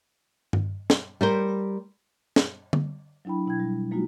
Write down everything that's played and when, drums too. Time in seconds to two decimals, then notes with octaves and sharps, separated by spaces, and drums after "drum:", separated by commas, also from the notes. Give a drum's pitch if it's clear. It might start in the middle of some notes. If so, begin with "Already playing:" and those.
0.53 drum: tom G2
0.90 drum: snare
1.21 G3 A#4 C5
2.36 drum: snare
2.73 drum: tom D3
3.25 F#3 D4 E4 G5 B5
3.46 B2 E4 G5 G#6
3.60 G3
3.91 F#3 G#3 A#3 D#4 F4 F#4